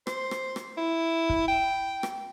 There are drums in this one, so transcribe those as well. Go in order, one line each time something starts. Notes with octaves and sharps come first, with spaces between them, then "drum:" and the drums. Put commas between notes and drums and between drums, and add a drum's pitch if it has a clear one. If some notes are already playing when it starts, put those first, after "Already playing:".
C5, drum: rim click
drum: rim click
drum: rim click
E4
drum: kick
G5
drum: rim click